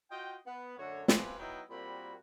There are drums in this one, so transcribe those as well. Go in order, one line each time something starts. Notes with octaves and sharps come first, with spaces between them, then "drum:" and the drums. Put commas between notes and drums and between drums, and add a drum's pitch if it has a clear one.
F4 F#4 D#5 G5
B3
F#2 D3 A3 F#4 C#5
G#3 C4 G4 B4 E5 F5, drum: snare
F#3 B3 D#4 E4 D#5 G5
A#2 G3 A#3 C4 F#4 B5